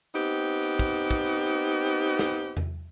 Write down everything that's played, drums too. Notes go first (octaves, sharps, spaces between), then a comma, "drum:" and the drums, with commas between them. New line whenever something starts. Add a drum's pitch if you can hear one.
B3 C4 D#4 G4
drum: hi-hat
drum: kick
drum: kick
drum: snare
drum: tom E2